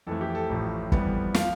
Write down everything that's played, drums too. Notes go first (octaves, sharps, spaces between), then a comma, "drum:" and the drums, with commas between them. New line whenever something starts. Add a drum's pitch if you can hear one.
F2 E3 A3 A4
G4
A4
A1 A2 F3
F2 E3 G3 B3, drum: kick
F3 F5, drum: snare